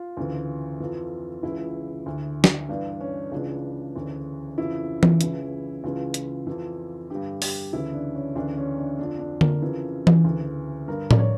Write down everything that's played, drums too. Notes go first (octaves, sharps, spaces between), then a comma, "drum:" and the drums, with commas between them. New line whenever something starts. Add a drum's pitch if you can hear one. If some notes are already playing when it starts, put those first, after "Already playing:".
Already playing: F4
D2 C#3 E3
F2 E3
C#2 C#3 E3 E4
D2 D3
drum: snare
G2 E3 D4
C#4
C#2 C#3 E3 D4
D2 C#3 E3
F2 C#3 E3 E4
drum: tom E3
C#2 C#3 E3, drum: hi-hat
C#2 C#3 E3 F4
drum: hi-hat
F2 E3
G2 D3 G4
G4, drum: open hi-hat
D2 C#3 E3 E4
D4
C#4
D2 C#3 E3 D4
C#4
D4
F2 D3 D4
D4
A#4, drum: tom D3
F2 C#3 E3
drum: tom E3
D2 C#3 E3
G2 D3 A#4
D5, drum: tom A2
C#5